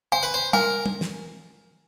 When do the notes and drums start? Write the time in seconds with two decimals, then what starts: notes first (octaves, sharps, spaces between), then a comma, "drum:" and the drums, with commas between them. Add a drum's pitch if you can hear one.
0.12 C5 G#5
0.23 B4
0.34 C5
0.53 A#4 G#5, drum: tom
0.86 drum: tom
1.01 drum: snare